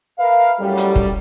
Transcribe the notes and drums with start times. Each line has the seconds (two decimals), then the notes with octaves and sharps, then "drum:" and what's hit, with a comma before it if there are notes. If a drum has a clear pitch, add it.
0.19 A#4 B4 E5 F5
0.60 F#2 A2 F#3 G3
0.78 drum: hi-hat
0.95 drum: kick